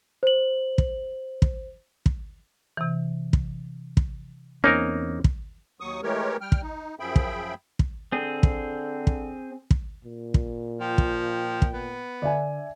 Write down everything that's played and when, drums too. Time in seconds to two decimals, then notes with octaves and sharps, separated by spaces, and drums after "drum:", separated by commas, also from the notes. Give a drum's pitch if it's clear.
0.23 C5 F#7
0.78 drum: kick
1.42 drum: kick
2.06 drum: kick
2.77 C3 E3
3.33 drum: kick
3.97 drum: kick
4.64 E2 A#3 C4 C#4 D#4 A#4
5.24 drum: kick
5.80 D#2 F#3 C#6 D#6
6.03 E3 G#3 A3 G4 A#4 C#5
6.41 G3 G5 F6
6.52 drum: kick
6.62 D#4
7.00 F#2 F3 G#4 E5 G5 B5
7.16 drum: kick
7.79 drum: kick
8.12 D3 C4 G#4
8.43 drum: kick
9.07 drum: kick
9.71 drum: kick
10.04 A#2
10.34 drum: kick
10.80 F3 G5
10.98 drum: kick
11.62 drum: kick
11.73 B3
12.22 D3 D5 E5 G#5